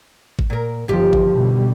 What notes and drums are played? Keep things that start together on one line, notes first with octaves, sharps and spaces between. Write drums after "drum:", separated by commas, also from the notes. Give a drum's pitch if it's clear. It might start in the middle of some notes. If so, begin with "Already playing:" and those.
drum: kick G#1
A#2 A#4
G1 D#2 F3 G4
drum: kick G#1
B2 D3 G3